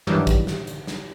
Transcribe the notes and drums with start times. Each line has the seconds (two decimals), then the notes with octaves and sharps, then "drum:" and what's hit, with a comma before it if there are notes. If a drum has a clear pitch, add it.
0.07 G2 D#3 E3 F#3 G3 D4
0.27 drum: kick, hi-hat
0.47 drum: snare
0.67 drum: hi-hat
0.87 drum: snare